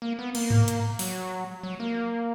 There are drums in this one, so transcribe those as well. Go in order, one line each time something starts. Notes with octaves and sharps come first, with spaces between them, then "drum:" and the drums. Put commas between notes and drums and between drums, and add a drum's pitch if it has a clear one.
A#3
B3
A#3, drum: cymbal
drum: tom G#2
drum: hi-hat
F#3, drum: open hi-hat
F#3
A#3